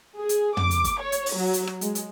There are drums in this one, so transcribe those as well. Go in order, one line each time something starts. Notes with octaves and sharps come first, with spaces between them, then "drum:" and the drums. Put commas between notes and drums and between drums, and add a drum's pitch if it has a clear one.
G#4
drum: hi-hat
D6, drum: tom
drum: hi-hat
drum: kick, hi-hat
C#5
drum: hi-hat
drum: open hi-hat
F#3
drum: hi-hat
drum: rim click
G#3, drum: hi-hat
drum: hi-hat